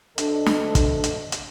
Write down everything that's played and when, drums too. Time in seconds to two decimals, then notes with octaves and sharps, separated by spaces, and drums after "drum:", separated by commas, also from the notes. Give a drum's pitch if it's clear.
0.18 D2 D4 A4 D#5, drum: hi-hat
0.46 drum: snare
0.75 drum: kick, hi-hat
1.04 drum: hi-hat
1.32 drum: hi-hat